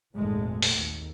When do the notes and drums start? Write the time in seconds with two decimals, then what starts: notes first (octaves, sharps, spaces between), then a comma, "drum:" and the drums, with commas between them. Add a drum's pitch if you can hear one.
0.14 G#1 F2 A#2 G#3 A3
0.62 drum: open hi-hat
0.76 D#2